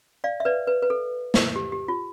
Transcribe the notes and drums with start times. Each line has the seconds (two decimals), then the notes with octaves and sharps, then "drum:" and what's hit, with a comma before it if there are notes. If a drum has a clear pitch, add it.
0.24 D5 F5
0.40 E5
0.45 B4 D5
0.67 B4
0.82 B4
0.90 A4
1.34 drum: snare
1.56 G4
1.72 G4
1.88 F4